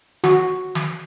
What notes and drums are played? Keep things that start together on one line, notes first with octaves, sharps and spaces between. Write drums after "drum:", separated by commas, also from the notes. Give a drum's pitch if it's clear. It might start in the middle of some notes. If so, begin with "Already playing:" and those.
F#4, drum: snare
drum: snare